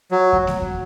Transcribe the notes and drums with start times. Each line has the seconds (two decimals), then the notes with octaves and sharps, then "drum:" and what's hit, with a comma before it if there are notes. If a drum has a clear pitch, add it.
0.11 F#3
0.33 drum: kick F2
0.47 drum: snare A3
0.62 drum: kick F2